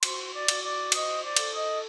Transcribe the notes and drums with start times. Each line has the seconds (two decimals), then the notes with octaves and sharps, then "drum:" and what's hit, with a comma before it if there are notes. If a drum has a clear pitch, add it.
0.03 F#4 C5 C6, drum: cymbal
0.22 C6
0.33 D5 D6
0.48 F#4, drum: cymbal
0.62 D5 D6
0.92 C5 D#5 D#6, drum: cymbal
1.22 D5 D6
1.36 A4, drum: cymbal
1.52 D#5 D#6